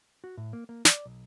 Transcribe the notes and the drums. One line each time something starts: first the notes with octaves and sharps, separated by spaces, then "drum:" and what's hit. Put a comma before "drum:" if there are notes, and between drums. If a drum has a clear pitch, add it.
F#4
A2
A#3
A#3
D5, drum: snare
B1